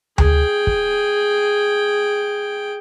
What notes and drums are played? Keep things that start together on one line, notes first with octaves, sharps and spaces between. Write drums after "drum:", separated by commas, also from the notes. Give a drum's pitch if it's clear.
G#4 G5, drum: tom D2
drum: kick